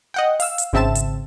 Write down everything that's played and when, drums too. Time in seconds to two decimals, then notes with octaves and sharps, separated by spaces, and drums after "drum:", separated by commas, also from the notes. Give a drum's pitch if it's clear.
0.14 D#5 F#5 G5
0.40 F5 E6, drum: open hi-hat
0.58 drum: hi-hat
0.73 G#1 C#3 C4 E5 A5 E7
0.95 drum: hi-hat